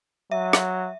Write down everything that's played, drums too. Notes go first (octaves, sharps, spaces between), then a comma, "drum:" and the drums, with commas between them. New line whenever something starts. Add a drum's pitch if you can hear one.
F#3 E5
drum: rim click